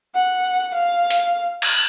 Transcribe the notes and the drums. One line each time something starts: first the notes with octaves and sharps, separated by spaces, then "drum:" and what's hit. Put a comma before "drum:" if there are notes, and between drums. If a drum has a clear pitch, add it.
F#5
F5
drum: hi-hat
drum: cymbal